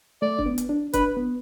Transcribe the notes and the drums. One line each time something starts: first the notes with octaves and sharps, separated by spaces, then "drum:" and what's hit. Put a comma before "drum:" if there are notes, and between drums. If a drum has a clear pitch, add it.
A3 D5
D4, drum: kick
B3
drum: hi-hat
D4
D4 B4, drum: kick, hi-hat
B3